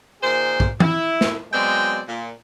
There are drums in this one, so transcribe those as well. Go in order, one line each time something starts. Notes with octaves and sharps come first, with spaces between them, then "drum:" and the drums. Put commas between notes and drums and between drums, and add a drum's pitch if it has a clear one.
A#2 D#3 G#4 C5
drum: kick
E4, drum: tom
drum: snare
B2 F#3 G#3 C4 D5 G5
A#2